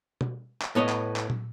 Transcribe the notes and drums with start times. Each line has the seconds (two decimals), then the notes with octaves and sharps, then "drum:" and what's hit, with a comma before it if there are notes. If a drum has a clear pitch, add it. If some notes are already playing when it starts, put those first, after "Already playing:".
0.21 drum: tom B2
0.62 drum: clap
0.75 A2 B3 C#5 D#5
0.89 drum: clap
1.16 drum: clap
1.30 drum: tom